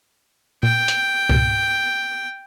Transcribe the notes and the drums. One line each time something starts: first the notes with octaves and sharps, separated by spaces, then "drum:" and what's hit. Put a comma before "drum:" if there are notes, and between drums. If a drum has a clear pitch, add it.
A#2 G5
drum: hi-hat
C#2 B2, drum: tom G#2